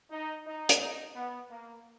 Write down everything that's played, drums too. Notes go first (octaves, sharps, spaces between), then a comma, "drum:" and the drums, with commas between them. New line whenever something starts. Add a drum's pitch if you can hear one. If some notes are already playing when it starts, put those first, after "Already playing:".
D#4
D#4
drum: hi-hat
D#4
B3
A#3